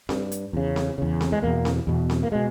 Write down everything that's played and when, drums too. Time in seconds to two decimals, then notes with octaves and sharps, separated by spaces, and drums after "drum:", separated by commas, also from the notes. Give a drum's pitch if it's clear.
0.09 G2, drum: snare C4
0.32 drum: hi-hat
0.53 E2 C#3
0.76 drum: snare C4
0.98 E2 C#3
1.21 drum: snare C4
1.32 G#3
1.42 E2 B2 A#3
1.65 drum: snare C4
1.87 E2 B2
2.10 drum: snare C4
2.23 A#3
2.32 B2 G#3